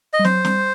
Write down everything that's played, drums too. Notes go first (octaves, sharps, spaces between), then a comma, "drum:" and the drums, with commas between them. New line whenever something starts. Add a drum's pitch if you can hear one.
D#5
G3
F#3 C5, drum: snare
G3, drum: snare